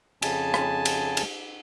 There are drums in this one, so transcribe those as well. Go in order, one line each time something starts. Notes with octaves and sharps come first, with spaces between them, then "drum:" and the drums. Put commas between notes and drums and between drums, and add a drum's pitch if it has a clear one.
F2 C#3 G#5 A5, drum: cymbal
drum: rim click
drum: cymbal
drum: cymbal